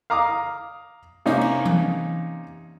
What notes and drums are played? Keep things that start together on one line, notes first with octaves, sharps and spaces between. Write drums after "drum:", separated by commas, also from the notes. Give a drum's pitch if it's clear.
F5 A#5 D6 D#6
C3 A#3 C#4 D#4, drum: snare
drum: cymbal
drum: tom E3